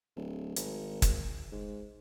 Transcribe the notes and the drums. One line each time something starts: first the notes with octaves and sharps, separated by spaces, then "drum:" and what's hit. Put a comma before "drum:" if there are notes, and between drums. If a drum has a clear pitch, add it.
D1
G#1, drum: hi-hat
drum: kick, hi-hat
G#2